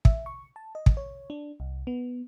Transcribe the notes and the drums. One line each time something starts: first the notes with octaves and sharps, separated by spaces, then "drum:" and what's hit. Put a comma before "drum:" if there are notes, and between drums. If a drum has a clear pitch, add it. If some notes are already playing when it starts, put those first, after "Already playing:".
E5, drum: kick
C#6
A5
D#5
drum: kick
C#5
D4
C2
B3